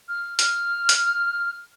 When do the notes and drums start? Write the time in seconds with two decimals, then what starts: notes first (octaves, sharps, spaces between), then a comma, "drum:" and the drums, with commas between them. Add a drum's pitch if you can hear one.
0.08 F6
0.39 F6, drum: hi-hat
0.89 drum: hi-hat